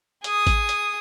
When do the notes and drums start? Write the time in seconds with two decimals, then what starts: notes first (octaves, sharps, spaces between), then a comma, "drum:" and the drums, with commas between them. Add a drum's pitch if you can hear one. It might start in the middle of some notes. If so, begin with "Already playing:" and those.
0.24 G#4 D#6, drum: hi-hat
0.47 drum: kick A1, hi-hat
0.69 drum: hi-hat